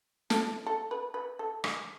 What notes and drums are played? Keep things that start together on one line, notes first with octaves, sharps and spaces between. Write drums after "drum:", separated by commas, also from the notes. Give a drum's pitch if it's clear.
A4, drum: snare
A4
B4
B4
A4
G#4, drum: rim click